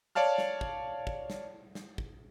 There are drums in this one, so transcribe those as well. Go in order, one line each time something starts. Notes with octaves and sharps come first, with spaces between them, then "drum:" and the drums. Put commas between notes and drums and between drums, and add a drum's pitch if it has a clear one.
C#5 D5 F5 A5 F6
drum: snare
drum: kick
drum: kick
drum: snare
drum: snare
drum: kick